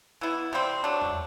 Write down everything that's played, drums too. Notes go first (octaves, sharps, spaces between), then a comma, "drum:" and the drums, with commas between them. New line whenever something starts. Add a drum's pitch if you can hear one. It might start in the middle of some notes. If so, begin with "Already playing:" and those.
E3 B3 E4
C3 G3 C4
F#3 A3 D4
drum: tom E2